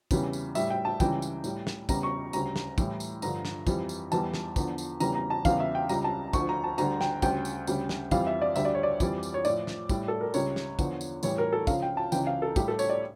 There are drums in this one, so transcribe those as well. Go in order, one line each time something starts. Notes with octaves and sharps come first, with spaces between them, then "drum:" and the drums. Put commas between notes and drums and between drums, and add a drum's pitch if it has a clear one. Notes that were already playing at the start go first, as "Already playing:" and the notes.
E2 C#3 E3 G3, drum: kick, tambourine
drum: tambourine
A2 G3 E5, drum: tambourine
G5
A5
C#2 C#3 E3 G3 G5, drum: kick, tambourine
drum: tambourine
A2 G3, drum: tambourine
drum: snare
E2 C#3 G3 A#5, drum: kick, tambourine
C#6
D2 C#3 G3 A#5, drum: tambourine
drum: snare
A2 E3 G3, drum: kick, tambourine
drum: tambourine
G2 D3 F3 A#5, drum: tambourine
drum: snare
F2 E3 G3, drum: kick, tambourine
drum: tambourine
E2 E3 G3 A5, drum: tambourine
drum: snare
E2 D3 F3, drum: kick, tambourine
drum: tambourine
E2 C#3 E3 G3 A#5, drum: tambourine
A#5
A5
E2 C#3 E3 G3 F5, drum: kick, tambourine
E5
G5
C#2 C#3 G3 A#5, drum: tambourine
A5
D2 D3 F3 C#6, drum: kick, tambourine
A#5
A5
D2 D3 G3 A#5, drum: tambourine
G5, drum: snare
D2 C#3 G3 G5, drum: kick, tambourine
drum: tambourine
D2 C#3 G3, drum: tambourine
drum: snare
F2 E3 G3 F5, drum: kick, tambourine
E5
D5
D2 D3 G3 E5, drum: tambourine
D5
C#5
D5
F2 E3 G3, drum: kick, tambourine
drum: tambourine
C#5
A2 F3 D5, drum: tambourine
drum: snare
A2 G3, drum: kick, tambourine
A4
A#4
C#2 C#3 G3 C#5, drum: tambourine
drum: snare
E2 D3 F3, drum: kick, tambourine
drum: tambourine
A2 E3 G3 C#5, drum: tambourine
A#4
A4
C#2 C#3 F3 F5, drum: kick, tambourine
G5
A5
C#2 C#3 E3 G5, drum: tambourine
F5
A4
A2 G3 G4, drum: kick, tambourine
A4
C#5, drum: tambourine
D5